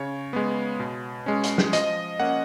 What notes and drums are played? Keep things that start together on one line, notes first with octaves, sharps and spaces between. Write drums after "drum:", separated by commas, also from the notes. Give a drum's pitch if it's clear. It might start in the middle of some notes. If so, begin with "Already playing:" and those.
Already playing: C#3 C#5
G#3 B3
B2
G#3 C#4
drum: hi-hat
drum: snare
F3 D#5, drum: hi-hat
A#3 C#4 F#5